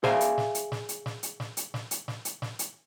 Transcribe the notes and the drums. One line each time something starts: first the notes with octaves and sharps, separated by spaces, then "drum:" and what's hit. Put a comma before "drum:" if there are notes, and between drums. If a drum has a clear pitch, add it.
G#4 C5 D5 E5 F5 G#5, drum: snare
drum: hi-hat
drum: snare
drum: hi-hat
drum: snare
drum: hi-hat
drum: snare
drum: hi-hat
drum: snare
drum: hi-hat
drum: snare
drum: hi-hat
drum: snare
drum: hi-hat
drum: snare
drum: hi-hat